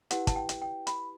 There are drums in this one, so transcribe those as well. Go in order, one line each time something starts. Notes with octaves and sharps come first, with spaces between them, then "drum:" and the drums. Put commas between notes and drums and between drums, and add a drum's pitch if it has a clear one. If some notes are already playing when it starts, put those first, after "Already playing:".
E4 G4 B4 F#5, drum: hi-hat
A5, drum: kick, hi-hat
G5
drum: hi-hat
G5
B5, drum: hi-hat